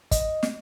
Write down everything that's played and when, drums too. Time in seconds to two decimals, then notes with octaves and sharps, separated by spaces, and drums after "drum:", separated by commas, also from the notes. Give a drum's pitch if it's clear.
0.11 D#5, drum: kick, hi-hat
0.43 drum: snare